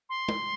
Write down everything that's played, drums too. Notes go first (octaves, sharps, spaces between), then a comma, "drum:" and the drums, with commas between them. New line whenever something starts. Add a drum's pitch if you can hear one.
C6
drum: tom